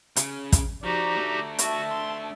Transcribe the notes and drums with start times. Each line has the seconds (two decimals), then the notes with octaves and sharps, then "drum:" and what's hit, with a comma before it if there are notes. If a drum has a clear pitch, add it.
0.16 C#3, drum: hi-hat
0.52 drum: kick, hi-hat
0.84 F3 D#4 F#4 G4 D5 A#5
1.18 A3 D4
1.59 F#4 E5 A5 C#6, drum: hi-hat
1.90 C6